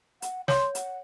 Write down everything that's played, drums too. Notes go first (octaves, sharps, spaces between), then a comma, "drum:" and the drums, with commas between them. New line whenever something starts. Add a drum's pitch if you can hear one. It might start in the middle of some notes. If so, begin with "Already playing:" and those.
F#5, drum: hi-hat
C#5 C6, drum: snare
F#5, drum: hi-hat